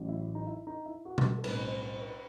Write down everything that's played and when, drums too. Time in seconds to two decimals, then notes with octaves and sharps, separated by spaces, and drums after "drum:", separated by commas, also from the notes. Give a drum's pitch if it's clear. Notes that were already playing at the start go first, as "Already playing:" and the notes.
Already playing: A1 A2 F#3
0.09 E4
0.35 D#4
0.47 E4
0.67 D#4
0.86 E4
1.05 F#4
1.18 drum: tom B2
1.38 A4
1.44 B1 A2 G3 C4 B4, drum: cymbal
1.63 C5
1.83 C5
2.02 B4